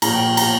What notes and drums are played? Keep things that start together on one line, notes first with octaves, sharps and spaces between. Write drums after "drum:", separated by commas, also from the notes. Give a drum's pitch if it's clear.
A#2 F3 A#3 A#5, drum: cymbal
G5
A#5, drum: cymbal